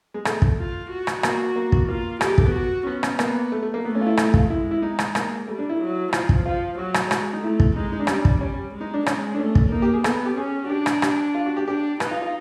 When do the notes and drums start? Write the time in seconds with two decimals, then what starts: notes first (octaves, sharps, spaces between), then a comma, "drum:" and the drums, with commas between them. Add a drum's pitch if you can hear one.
0.14 G#3
0.25 A3, drum: rim click
0.42 drum: kick
0.59 F4
0.90 F#4
1.07 drum: rim click
1.23 A#3 F#4, drum: rim click
1.56 A#3
1.72 drum: kick
1.88 A#3 F4
2.21 A3 G4, drum: rim click
2.29 G#3
2.38 A3, drum: kick
2.46 B3
2.53 F#4
2.87 B3 C#4
3.03 drum: rim click
3.19 A#3 B3, drum: rim click
3.52 A3
3.63 A3
3.74 A#3
3.84 A3 B3
3.95 C#4
4.01 F4
4.06 E4
4.17 E4, drum: rim click
4.34 F4, drum: kick
4.50 G#3 E4
4.71 E4
4.82 D#4
4.99 drum: rim click
5.15 A#3, drum: rim click
5.48 G3 A3
5.58 D4
5.69 E4
5.81 F#3
6.13 F3, drum: rim click
6.29 drum: kick
6.45 F3 F4
6.78 F#3 F#4
6.94 drum: rim click
7.11 G#3 F#4, drum: rim click
7.33 D#4
7.43 A3 E4
7.60 drum: kick
7.76 G#3 D#4
7.92 D#4
8.00 D4
8.07 G3 C#4, drum: rim click
8.15 D4
8.25 drum: kick
8.41 G3 C#4
8.74 G#3
8.81 D#4
8.94 D4
9.06 G#3 C#4, drum: rim click
9.34 D4
9.39 A3 C#4
9.55 drum: kick
9.72 A#3 D#4
9.82 G4
9.93 G#4
10.04 B3 A4, drum: rim click
10.26 G4
10.37 C#4 G#4
10.64 F#4
10.70 D4 G4
10.86 drum: rim click
11.02 G4, drum: rim click
11.35 F4
11.46 F#4
11.57 G4
11.68 D4 G4
12.00 D#4 B4, drum: rim click
12.11 F4
12.22 F4